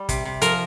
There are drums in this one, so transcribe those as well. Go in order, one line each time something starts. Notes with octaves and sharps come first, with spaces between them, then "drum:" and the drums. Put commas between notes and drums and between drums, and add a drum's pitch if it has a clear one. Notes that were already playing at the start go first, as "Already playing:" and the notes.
Already playing: G3
C3, drum: kick, hi-hat
C3
F3 A#4, drum: hi-hat